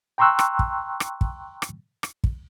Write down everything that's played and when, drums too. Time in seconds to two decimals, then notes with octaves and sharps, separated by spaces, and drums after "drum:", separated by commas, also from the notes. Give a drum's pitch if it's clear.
0.18 G5 A#5 C6 C#6 E6 F#6
0.39 drum: rim click
0.59 drum: kick
1.00 drum: rim click
1.21 drum: kick
1.62 drum: rim click
2.03 drum: rim click
2.24 drum: kick